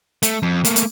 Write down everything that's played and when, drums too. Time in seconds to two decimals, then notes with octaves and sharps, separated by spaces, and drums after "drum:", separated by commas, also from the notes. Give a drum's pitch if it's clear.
0.23 A3, drum: hi-hat
0.43 F2
0.65 A3 A#3, drum: hi-hat
0.76 drum: hi-hat